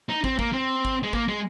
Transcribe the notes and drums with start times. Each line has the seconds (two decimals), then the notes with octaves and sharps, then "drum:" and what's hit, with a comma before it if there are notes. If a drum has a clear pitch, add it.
0.09 D#4
0.24 C4, drum: kick
0.39 A#3, drum: kick
0.53 C4
0.85 drum: kick
1.03 G#3
1.13 A#3, drum: kick
1.28 G#3